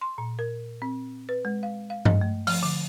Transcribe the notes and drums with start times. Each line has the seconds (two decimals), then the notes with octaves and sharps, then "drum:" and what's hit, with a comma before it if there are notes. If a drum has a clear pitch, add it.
0.01 C6
0.18 A#2
0.39 A#4
0.82 C4
1.29 B4
1.45 G#3
1.63 F5
1.90 F5
2.05 D#5, drum: tom G2
2.21 A3
2.47 F3, drum: open hi-hat
2.63 D3